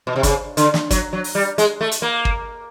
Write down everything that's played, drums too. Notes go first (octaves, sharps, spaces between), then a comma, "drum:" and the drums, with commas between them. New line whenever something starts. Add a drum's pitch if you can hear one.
B2
C3
C#3, drum: kick, hi-hat
D3, drum: hi-hat
drum: snare
F#3, drum: kick, hi-hat
F#3
drum: open hi-hat
G3
G#3, drum: hi-hat
A3
drum: hi-hat
A#3
drum: kick